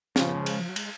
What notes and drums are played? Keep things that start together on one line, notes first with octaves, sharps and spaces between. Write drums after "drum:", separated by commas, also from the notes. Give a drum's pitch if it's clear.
C#3 F3 C#4, drum: snare
B3
G#3
drum: cymbal
F3
F#3
G#3, drum: cymbal